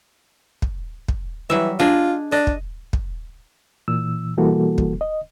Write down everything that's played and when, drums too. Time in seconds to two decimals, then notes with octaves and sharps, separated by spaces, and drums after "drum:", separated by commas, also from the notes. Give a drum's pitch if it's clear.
0.62 drum: kick
1.08 drum: kick
1.50 E3 F#3 G3 E5
1.79 D4 F4 G#4 D#5
2.32 D4 D#5
2.47 drum: kick
2.93 drum: kick
3.88 A#2 E3 E6
4.37 B2 E3 G3 A#3 F#4 A4
4.78 drum: kick
5.01 D#5